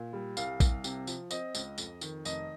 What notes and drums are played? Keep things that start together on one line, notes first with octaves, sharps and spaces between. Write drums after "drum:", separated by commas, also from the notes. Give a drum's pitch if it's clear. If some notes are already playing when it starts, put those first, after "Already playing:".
Already playing: A#2
G3
C2 F5, drum: tambourine
C2, drum: kick, tambourine
C3, drum: tambourine
F3, drum: tambourine
C4 D#5, drum: tambourine
C#2, drum: tambourine
F2, drum: tambourine
D#3, drum: tambourine
F1 D#5, drum: tambourine